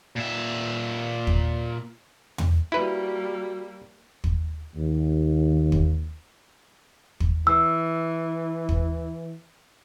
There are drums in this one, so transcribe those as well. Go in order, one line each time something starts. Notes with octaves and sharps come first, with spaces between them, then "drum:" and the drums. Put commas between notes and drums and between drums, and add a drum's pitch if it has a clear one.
A#2 E5
drum: kick
drum: tom E2
G3 A#3 E4 F#4 B4
drum: kick
D#2
drum: kick
drum: kick
E3 E6
drum: kick